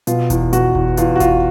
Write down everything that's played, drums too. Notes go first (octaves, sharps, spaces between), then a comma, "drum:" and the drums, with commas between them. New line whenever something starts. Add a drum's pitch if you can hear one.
B2 F4, drum: hi-hat
E2, drum: kick F#1, hi-hat
B2 F#4, drum: hi-hat
E2, drum: kick F#1
E2 F4, drum: hi-hat
F#4
E2 F4, drum: kick F#1, hi-hat